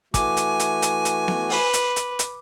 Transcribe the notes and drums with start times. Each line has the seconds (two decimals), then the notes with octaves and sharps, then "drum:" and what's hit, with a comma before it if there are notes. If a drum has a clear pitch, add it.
0.14 E3 A3 F#4 G#5 D6, drum: kick, hi-hat
0.37 drum: hi-hat
0.59 drum: hi-hat
0.82 drum: hi-hat
1.05 drum: hi-hat
1.28 drum: snare B3
1.50 B4, drum: open hi-hat
1.73 drum: hi-hat
1.96 drum: hi-hat
2.19 drum: hi-hat